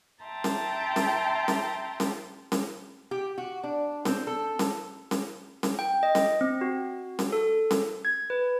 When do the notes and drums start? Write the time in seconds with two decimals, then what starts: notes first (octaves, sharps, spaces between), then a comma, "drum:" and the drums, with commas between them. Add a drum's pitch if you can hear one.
0.23 E5 G5 A5 A#5 C6
0.44 drum: snare C#4
0.96 drum: snare C#4
1.48 drum: snare C#4
2.00 drum: snare C#4
2.52 drum: snare C#4
3.11 G4
3.38 F#4
3.64 D4
4.05 C4, drum: snare C#4
4.27 A4
4.59 drum: snare C#4
5.11 drum: snare C#4
5.63 drum: snare C#4
5.79 G5
6.03 D#5
6.15 drum: snare C#4
6.41 C4
6.61 F#4
7.19 drum: snare C#4
7.32 A4
7.71 drum: snare C#4
8.05 G#6
8.30 B4